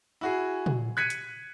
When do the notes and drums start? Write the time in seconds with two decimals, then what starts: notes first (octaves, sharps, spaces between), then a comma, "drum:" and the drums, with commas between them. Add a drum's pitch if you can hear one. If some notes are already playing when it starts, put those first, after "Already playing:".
0.21 E4 F#4 G#4
0.66 drum: tom
0.97 F#6 G#6 B6 C#7 D#7
1.10 drum: hi-hat